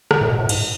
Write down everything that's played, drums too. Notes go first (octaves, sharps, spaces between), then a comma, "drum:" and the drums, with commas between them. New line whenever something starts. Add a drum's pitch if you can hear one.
D3, drum: rim click
A2
B2
A2
G#2, drum: cymbal